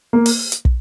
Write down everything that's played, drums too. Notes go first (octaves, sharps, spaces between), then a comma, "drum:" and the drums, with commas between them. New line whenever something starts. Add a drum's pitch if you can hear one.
A#3
drum: open hi-hat
drum: hi-hat
drum: kick